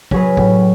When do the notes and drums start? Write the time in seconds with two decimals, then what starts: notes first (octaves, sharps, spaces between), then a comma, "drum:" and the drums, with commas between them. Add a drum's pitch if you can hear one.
0.11 F#3 C#4 G#4 B4, drum: kick
0.37 A2, drum: kick